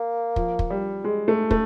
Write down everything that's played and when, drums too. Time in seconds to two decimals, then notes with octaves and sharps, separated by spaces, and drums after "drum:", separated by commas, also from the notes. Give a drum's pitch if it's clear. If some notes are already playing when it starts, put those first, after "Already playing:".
Already playing: A#3
0.36 F3, drum: kick
0.59 drum: kick
0.70 G3
1.04 G#3
1.28 A3
1.51 A3, drum: kick